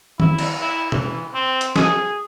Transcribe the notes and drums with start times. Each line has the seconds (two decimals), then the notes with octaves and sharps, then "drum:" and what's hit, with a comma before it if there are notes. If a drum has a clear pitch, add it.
0.20 E4, drum: tom
0.39 drum: cymbal
0.61 E4
0.92 E3, drum: tom B2
1.34 C4
1.61 drum: hi-hat
1.76 G#4, drum: snare